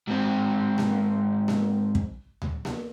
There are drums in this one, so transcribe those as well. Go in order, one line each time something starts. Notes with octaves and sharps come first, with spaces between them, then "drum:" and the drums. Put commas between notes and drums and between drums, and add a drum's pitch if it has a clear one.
G#2 C4
drum: snare A#3
drum: snare A#3
drum: kick
drum: tom D2
drum: snare A#3